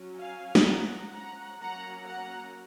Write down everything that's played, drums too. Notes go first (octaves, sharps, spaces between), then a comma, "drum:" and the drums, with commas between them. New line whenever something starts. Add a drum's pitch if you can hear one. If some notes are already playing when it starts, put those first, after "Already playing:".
Already playing: F#3 C#4
F5 G#5
drum: snare
F3 G#3 C#4 F#5 A#5
F#5 A#5
F#3 A#3 C#4 F#5 A#5
F#5 A#5